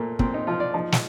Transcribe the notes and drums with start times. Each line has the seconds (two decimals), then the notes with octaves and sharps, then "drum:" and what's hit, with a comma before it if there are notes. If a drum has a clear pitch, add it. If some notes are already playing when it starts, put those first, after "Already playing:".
Already playing: A#2 A3 A#3
0.19 A#2 C4, drum: kick
0.34 D#4
0.47 F3 F4
0.60 D5
0.74 F3 D#4
0.92 drum: snare